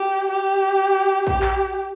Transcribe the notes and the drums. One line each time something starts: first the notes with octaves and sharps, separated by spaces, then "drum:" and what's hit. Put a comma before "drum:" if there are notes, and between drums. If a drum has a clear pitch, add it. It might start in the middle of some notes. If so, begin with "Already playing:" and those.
Already playing: G4
G4
G4, drum: kick
drum: clap